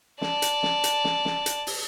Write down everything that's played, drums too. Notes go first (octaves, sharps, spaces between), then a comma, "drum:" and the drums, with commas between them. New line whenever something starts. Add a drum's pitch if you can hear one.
D5 A5, drum: snare
drum: hi-hat
drum: snare
drum: hi-hat
drum: snare
drum: snare
drum: hi-hat
drum: open hi-hat